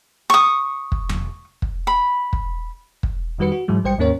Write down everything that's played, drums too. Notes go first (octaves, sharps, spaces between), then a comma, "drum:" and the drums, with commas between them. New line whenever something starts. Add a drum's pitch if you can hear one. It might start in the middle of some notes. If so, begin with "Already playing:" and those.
C#6 D#6
drum: kick
drum: tom E2
drum: kick
B5
drum: kick
drum: kick
F2 D#3 G3 F#4 B4 C#7
F#4
G#2 E3 F#3 G#3
A#1 G3 C5 G5 C#7
D#2 G#2 A#3 C#4 A#4 C#5